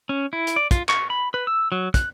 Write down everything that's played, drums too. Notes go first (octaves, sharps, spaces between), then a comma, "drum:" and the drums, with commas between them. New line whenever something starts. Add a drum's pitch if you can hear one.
C#4
E4
drum: hi-hat
D5
F4, drum: kick, hi-hat
C#6, drum: clap
B5
B4
E6
F#3
F#6, drum: kick, hi-hat